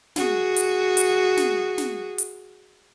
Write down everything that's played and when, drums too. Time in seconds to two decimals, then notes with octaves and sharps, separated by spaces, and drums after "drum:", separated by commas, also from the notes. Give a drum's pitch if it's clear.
0.16 F#4 G#4, drum: snare
0.56 drum: hi-hat
0.97 drum: hi-hat
1.37 drum: snare
1.78 drum: snare
2.18 drum: hi-hat